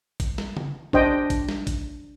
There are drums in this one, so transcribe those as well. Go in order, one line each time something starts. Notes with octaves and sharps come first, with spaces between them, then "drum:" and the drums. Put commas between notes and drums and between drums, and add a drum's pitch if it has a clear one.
drum: kick, hi-hat
drum: snare
drum: tom C#3
D4 C5 D#5 G5, drum: kick
drum: kick, hi-hat
drum: snare
drum: kick, hi-hat